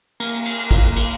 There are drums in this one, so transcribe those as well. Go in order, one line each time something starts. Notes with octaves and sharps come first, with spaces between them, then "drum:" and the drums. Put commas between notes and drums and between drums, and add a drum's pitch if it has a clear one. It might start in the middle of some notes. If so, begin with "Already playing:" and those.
A#3, drum: cymbal
drum: cymbal
drum: kick, cymbal
drum: cymbal